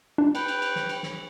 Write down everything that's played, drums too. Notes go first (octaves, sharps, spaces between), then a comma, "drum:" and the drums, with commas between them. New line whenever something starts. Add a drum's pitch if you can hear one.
D4
B4 G5, drum: cymbal
drum: cymbal
drum: cymbal
drum: snare
drum: cymbal
drum: snare